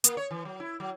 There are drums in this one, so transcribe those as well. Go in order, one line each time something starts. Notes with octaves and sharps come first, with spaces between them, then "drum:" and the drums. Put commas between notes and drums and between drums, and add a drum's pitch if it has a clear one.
A#3, drum: hi-hat
C#5
E3
F#3
E4
F#3